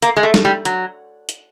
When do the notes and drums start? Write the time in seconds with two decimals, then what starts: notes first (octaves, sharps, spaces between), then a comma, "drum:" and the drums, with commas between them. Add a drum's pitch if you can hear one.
0.02 A#3, drum: hi-hat
0.16 G#3
0.23 A3
0.34 drum: snare
0.45 G3
0.65 F#3, drum: hi-hat
1.29 drum: hi-hat